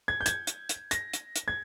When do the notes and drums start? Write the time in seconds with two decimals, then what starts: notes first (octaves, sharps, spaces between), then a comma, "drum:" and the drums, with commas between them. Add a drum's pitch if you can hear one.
0.08 G#6
0.21 G6
0.26 G#6, drum: hi-hat
0.47 drum: hi-hat
0.69 drum: hi-hat
0.91 A#6, drum: hi-hat
1.13 drum: hi-hat
1.36 drum: hi-hat
1.48 G#6